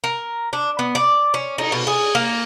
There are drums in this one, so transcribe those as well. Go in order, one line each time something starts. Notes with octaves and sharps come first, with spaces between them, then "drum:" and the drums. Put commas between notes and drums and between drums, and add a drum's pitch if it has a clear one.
A#4
D4
B3
D5
C#4
D#4, drum: cymbal
B2
G#4
A#3